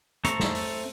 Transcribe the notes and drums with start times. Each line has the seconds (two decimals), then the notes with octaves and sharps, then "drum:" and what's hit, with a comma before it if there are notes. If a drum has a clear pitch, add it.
0.25 A3 C4 A4 A#5 C#6, drum: hi-hat
0.40 drum: snare
0.55 drum: open hi-hat